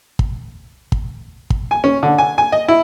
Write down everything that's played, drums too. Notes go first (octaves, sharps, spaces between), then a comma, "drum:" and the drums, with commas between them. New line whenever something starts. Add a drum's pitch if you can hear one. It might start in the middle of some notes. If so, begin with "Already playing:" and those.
drum: kick
drum: kick
drum: kick
G#5
C#4
D3
G#5
G#5
D#5
E4